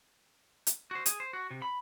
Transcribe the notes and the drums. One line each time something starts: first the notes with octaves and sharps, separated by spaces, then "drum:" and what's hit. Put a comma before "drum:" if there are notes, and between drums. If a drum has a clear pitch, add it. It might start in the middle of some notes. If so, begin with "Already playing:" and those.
drum: hi-hat
F#4 C5
G#4, drum: hi-hat
C5
F#4
C3
B5